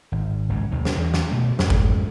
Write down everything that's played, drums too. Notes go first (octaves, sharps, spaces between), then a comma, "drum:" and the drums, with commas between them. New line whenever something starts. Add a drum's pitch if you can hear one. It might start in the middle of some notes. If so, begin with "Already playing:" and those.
G#1
G#1 C#2 G2 C#3
D#2 C3 D#3
drum: snare
E2
drum: snare
B2 A3
F2 G#2, drum: snare
drum: kick G1